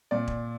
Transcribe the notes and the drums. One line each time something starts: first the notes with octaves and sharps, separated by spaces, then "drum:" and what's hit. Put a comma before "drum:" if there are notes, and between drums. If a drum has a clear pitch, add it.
A#2 D5
drum: kick E1